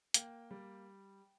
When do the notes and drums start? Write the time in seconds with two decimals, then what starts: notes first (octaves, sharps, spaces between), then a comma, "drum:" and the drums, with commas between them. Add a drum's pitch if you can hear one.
0.14 A#3 G5, drum: hi-hat
0.51 G3